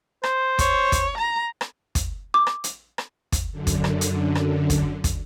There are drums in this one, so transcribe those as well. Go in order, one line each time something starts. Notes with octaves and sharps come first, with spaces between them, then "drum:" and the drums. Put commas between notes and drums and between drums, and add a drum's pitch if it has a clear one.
C5, drum: rim click
C#5, drum: kick, hi-hat
drum: kick, hi-hat
A#5
drum: rim click
drum: kick, hi-hat
D6
drum: rim click
drum: hi-hat
drum: rim click
drum: kick, hi-hat
F#2 D3
drum: kick, hi-hat
drum: rim click
drum: hi-hat
drum: rim click
drum: kick, hi-hat
drum: kick, hi-hat